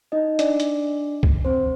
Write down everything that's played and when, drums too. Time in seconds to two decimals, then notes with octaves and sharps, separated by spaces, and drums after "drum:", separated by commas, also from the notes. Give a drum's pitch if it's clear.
0.12 D#4 D#5
0.39 D4 D5, drum: hi-hat
0.60 drum: hi-hat
1.23 drum: kick
1.45 C4 C5